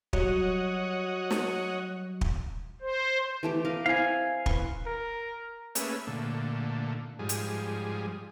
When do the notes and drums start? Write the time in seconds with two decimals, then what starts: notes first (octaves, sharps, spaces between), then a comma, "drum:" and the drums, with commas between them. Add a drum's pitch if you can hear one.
0.13 F#3 G3 C#5 D#5 F#5, drum: kick
1.31 drum: snare
2.21 drum: kick
2.81 C5
3.43 E3 A3 G4
3.65 A#4 D#5 F5
3.86 C4 E4 F5 G#5
4.46 B4 C6 C#6, drum: kick
4.86 A#4
5.75 A3 A#3 C#4 G#4 B4 E5, drum: hi-hat
6.07 A#2 D3 A3
7.19 G#2 F3 G3 G#4
7.29 drum: hi-hat